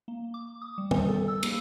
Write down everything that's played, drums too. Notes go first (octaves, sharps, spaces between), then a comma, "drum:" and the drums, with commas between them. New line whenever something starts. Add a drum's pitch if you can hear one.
A#3
D6
D#6
G3
drum: tom
A4
E6
A#3, drum: cymbal